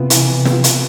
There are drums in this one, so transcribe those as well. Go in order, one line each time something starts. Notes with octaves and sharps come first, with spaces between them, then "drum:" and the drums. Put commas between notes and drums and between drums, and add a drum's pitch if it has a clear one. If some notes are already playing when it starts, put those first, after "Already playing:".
Already playing: C3 B3 F4
E3, drum: hi-hat
B3 F4, drum: snare
drum: hi-hat